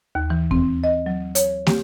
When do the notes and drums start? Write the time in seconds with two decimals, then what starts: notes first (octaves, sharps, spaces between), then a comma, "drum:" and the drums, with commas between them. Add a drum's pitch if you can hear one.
0.15 D#2
0.30 E3
0.51 C4, drum: kick E2
0.84 D#5
1.06 F#3
1.35 C#5, drum: hi-hat
1.67 G4, drum: snare